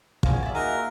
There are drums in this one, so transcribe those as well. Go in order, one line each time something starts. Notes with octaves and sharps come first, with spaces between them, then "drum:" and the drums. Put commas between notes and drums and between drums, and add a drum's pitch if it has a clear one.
E2 G#2 A#3 C#4 F4 F#4 G#4, drum: kick
E2 D5 E5 G#5
A#3 D#4 F#4 G#4 A#4 E5 A#5